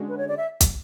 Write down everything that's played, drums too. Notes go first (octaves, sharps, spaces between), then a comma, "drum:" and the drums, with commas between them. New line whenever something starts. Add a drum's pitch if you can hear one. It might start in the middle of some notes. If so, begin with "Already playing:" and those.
Already playing: D3 G#3 C#4 F#4
B4
C#5
D5
E5
drum: kick, hi-hat